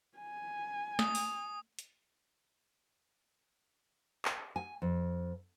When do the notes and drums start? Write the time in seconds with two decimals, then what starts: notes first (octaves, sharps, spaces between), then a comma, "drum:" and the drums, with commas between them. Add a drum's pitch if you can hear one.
0.18 G#5
0.99 D#6, drum: snare
1.15 drum: open hi-hat
1.79 drum: hi-hat
4.25 drum: clap
4.56 G#5
4.82 F2